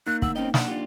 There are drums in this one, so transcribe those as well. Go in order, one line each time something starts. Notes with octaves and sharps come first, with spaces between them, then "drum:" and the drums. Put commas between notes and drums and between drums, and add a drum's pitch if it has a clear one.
A#3 D#4 F#6
D2 F#5 E6, drum: kick
C4 C#4 D#5 G5
D4 F#5, drum: snare
D4 F4 G4